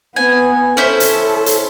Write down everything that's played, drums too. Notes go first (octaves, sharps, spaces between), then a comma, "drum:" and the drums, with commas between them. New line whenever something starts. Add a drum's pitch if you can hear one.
B3 G#5
C#4 E4 A4 C5
drum: hi-hat
drum: hi-hat